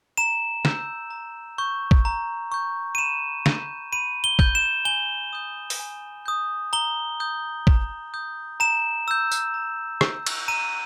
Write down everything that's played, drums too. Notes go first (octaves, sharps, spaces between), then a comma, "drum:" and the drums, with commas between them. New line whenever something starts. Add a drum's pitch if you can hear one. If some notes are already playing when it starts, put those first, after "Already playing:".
A#5 E7
E6 G6, drum: snare
A#5
C#6 G6
drum: kick
A#5
C#6 G6
D#7
B5 E7
G6, drum: snare
B5 D#7
G7
G6, drum: kick
E7
G#5 G7
D#6 G6
drum: open hi-hat
G#5
D#6 G6
A#5 G7
D#6 G6
A#5, drum: kick
D#6 G6
A#5 E7
E6 G6
drum: tambourine
A#5
E6 G6, drum: rim click
drum: cymbal
A#5 D#7